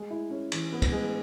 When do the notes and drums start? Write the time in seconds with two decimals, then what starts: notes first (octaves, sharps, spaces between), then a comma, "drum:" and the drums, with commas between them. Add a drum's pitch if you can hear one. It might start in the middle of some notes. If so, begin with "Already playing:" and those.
Already playing: G#3
0.10 E4
0.30 C#4
0.52 E3, drum: cymbal
0.72 B3
0.82 drum: kick, cymbal
0.92 G#3